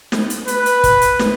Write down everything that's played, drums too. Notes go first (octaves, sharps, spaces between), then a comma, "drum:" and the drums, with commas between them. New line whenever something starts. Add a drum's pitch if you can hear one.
drum: snare
drum: hi-hat
B4, drum: hi-hat
drum: hi-hat
drum: kick, hi-hat
drum: hi-hat
drum: snare